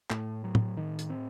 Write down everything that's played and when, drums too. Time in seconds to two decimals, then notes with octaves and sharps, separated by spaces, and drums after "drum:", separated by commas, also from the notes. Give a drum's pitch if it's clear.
0.10 A2 A3, drum: clap
0.44 F#3
0.55 drum: tom A2
0.77 D#3
0.99 drum: hi-hat
1.10 C4